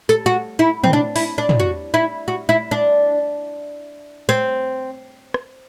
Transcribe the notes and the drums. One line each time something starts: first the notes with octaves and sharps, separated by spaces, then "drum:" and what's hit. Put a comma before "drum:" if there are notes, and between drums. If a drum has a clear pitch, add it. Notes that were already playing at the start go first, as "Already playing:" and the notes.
A4, drum: tambourine
F#4
E4
C4, drum: tom
D4
E4, drum: open hi-hat
D4
drum: tom
F#4
E4
F#4
E4
D4
C4
drum: rim click